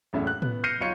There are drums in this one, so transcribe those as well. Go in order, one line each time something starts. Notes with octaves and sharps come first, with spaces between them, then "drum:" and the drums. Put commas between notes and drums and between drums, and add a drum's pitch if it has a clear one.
E1 F#2 A2 C#4 E5
F#6
B3, drum: tom A2
F6 G6 A#6 C7 C#7 D#7
B1 F4 C#5 C#7